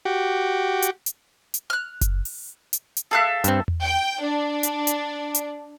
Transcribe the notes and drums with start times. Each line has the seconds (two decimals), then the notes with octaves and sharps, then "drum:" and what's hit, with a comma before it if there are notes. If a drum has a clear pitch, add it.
0.05 F#4 G4
0.82 drum: hi-hat
1.06 drum: hi-hat
1.54 drum: hi-hat
1.70 F6 F#6
2.01 drum: kick F#1, hi-hat
2.25 drum: open hi-hat
2.73 drum: hi-hat
2.97 drum: hi-hat
3.11 G#4 A4 E5 F5 F#6
3.44 G2 C4, drum: hi-hat
3.68 drum: tom E2
3.84 G5
4.21 D4
4.63 drum: hi-hat
4.87 drum: hi-hat
5.35 drum: hi-hat